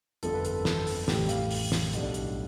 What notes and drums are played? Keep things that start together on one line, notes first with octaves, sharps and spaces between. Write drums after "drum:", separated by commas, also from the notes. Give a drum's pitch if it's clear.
G1 F2 D3 F3 A4, drum: hi-hat
B4
A4, drum: hi-hat
A4, drum: snare
drum: open hi-hat
A1 A2 G3 G4, drum: snare
F5, drum: hi-hat
drum: open hi-hat
drum: snare
B1 A2 G3 D4, drum: hi-hat
drum: hi-hat